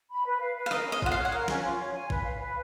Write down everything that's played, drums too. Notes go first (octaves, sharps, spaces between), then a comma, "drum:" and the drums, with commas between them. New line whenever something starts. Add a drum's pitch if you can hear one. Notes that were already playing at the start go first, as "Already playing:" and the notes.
B5
B4
F5
B4
F5
A#4 D#5, drum: rim click
C#4
D#5
F4 F#5, drum: kick
F5
C#5
F#5
A#4 F5
C#4, drum: snare
F4
C#5
G#5
B4, drum: kick
F5
B4